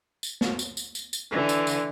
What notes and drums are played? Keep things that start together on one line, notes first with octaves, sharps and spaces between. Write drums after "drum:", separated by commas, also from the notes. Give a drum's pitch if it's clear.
drum: tambourine
drum: snare
drum: tambourine
drum: tambourine
drum: tambourine
drum: tambourine
D3 E3
drum: tambourine
drum: tambourine